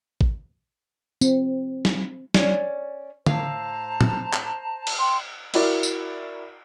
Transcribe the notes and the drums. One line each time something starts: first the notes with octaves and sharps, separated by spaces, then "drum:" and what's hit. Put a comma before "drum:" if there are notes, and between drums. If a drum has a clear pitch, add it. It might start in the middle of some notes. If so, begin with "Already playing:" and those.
drum: kick
C4, drum: tambourine
drum: snare
C#4 C#5 D5, drum: snare
A2 C5 F5 A5 A#5, drum: tom D3
drum: tom
drum: clap
drum: cymbal
G5 C6
E4 F#4 A#4 D5, drum: cymbal
drum: tambourine